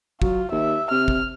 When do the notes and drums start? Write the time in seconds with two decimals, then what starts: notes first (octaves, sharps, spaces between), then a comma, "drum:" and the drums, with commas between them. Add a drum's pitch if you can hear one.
0.22 F#3 F4, drum: kick
0.52 D#2 E5
0.91 C3 F6
1.08 drum: kick